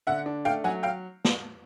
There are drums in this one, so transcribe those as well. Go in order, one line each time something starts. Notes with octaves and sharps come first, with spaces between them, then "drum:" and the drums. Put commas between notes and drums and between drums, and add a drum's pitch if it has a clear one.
D3 E5 F#5
D4
A3 F5 G5
F#3 F#5 G#5
F5 G5
drum: snare